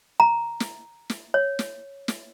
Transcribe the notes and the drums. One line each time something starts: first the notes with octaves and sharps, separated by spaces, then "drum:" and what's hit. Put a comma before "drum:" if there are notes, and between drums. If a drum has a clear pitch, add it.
A#5
drum: snare
drum: snare
C#5
drum: snare
drum: snare